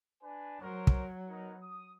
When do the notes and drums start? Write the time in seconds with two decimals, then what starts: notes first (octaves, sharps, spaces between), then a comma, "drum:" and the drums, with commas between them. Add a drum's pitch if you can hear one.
0.22 D4 B4 G#5
0.61 F#3 A#4 C5 C#5
0.87 drum: kick
1.28 B3 D#4 A#4
1.61 D#6